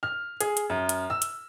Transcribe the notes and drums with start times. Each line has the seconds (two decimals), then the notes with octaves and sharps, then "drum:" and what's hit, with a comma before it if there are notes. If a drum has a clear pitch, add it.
0.03 F6
0.40 G#4, drum: hi-hat
0.57 drum: hi-hat
0.70 F#2
0.89 drum: hi-hat
1.10 E6
1.22 drum: hi-hat